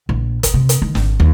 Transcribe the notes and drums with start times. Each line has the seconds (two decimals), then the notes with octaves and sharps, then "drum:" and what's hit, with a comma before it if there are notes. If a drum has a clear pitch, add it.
0.09 A#1
0.43 drum: kick, hi-hat
0.54 C3
0.69 drum: hi-hat
0.82 D#3
0.95 G#1, drum: snare
1.20 D#2